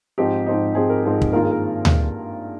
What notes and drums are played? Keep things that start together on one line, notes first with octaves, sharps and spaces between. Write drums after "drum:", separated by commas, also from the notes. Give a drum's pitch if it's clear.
G#2 F3 C4 D#4 G4
G#2 F3 C4 D#4
G#2 F3 C4 D#4 G#4
A#4
G#2 F3 C4 D#4 G#4
drum: kick
G2 D#3 A#3 F4 A#4
G#4
A#4
drum: tom D2